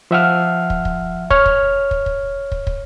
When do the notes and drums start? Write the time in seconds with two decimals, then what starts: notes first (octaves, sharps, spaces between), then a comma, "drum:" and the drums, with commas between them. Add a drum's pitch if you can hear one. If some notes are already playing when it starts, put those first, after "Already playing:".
0.11 F3 E5 F#5 F6
0.70 drum: kick
0.85 drum: kick
1.30 C#5 F6, drum: kick
1.46 drum: kick
1.91 drum: kick
2.06 drum: kick
2.52 drum: kick
2.67 drum: kick